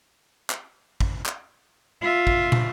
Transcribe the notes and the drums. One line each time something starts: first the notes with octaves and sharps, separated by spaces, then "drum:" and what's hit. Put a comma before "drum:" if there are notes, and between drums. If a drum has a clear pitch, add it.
drum: clap
drum: kick
drum: clap
F4 E5
drum: kick
drum: tom